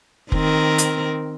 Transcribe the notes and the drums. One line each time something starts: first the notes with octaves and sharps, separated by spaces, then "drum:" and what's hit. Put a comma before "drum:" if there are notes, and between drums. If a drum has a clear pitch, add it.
D#3 C4 A#4, drum: kick F1
drum: hi-hat